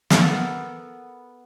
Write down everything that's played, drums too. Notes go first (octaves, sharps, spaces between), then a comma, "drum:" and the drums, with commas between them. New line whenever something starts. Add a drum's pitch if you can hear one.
B3 A4 A#4, drum: snare